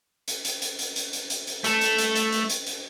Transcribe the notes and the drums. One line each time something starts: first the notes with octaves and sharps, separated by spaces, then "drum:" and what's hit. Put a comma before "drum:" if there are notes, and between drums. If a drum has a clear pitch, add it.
drum: hi-hat
drum: hi-hat
drum: hi-hat
drum: hi-hat
drum: hi-hat
drum: hi-hat
drum: hi-hat
drum: hi-hat
A3 A4, drum: hi-hat
drum: hi-hat
drum: hi-hat
drum: hi-hat
drum: hi-hat
drum: hi-hat
drum: hi-hat